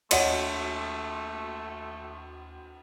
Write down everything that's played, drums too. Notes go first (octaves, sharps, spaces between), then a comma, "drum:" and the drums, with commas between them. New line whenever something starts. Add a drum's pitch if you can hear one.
D#2 A3 F#4 C#5 D#5 F#5 C6, drum: cymbal